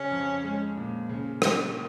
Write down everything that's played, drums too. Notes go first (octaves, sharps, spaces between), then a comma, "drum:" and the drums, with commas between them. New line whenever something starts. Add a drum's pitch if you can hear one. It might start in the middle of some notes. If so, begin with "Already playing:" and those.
Already playing: C#3 C#4
F2
G#3
A#2
C#3
drum: rim click